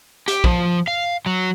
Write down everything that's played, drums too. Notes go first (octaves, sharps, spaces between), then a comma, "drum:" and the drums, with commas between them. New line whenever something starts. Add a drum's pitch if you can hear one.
G4, drum: hi-hat
F3, drum: kick
F5
F#3